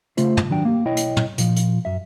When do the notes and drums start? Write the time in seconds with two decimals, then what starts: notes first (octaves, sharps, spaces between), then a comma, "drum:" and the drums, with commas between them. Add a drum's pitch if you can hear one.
0.17 C#3 A3 F4 C5, drum: hi-hat
0.37 drum: tom
0.50 D#3 F#3 D4 G5
0.65 A#3 G4
0.85 B1 E4 C#5 D#5 G5
0.97 drum: hi-hat
1.16 drum: tom
1.38 A#2 F3, drum: hi-hat
1.56 drum: hi-hat
1.85 F#2 E5